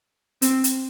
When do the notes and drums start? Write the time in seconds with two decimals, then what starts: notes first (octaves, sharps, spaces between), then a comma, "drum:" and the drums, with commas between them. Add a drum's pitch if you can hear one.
0.42 C4, drum: hi-hat
0.64 drum: hi-hat